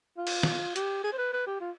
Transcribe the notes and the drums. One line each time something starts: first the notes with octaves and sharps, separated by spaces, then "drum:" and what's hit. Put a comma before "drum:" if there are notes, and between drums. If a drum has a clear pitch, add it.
F4
drum: cymbal
drum: snare
G4, drum: hi-hat
G#4
C5
B4
B4
G4
F4